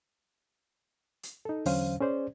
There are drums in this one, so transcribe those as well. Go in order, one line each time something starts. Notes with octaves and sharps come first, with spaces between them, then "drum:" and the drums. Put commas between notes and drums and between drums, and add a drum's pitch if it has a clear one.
drum: hi-hat
D#4 A4
E2 D3 F#3 C#4 C5 F5, drum: open hi-hat
C#4 G#4 C5 D5